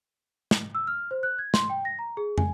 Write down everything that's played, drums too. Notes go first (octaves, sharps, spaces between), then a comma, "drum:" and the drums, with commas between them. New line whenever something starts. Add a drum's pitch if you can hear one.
drum: snare
E6
F6
C5
F#6
G#6
C6, drum: snare
G5
A#6
A#5
G#4
G#5, drum: tom